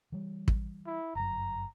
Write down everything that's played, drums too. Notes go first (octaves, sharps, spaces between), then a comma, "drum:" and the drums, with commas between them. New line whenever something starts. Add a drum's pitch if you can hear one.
E3 G3
drum: kick
E4
G1 F#2 A#5